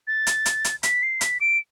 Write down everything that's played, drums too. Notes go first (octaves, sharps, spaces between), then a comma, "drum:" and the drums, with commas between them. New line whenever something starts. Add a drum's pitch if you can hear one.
A6
drum: hi-hat
drum: hi-hat
drum: hi-hat
B6, drum: hi-hat
C7
B6, drum: hi-hat
D7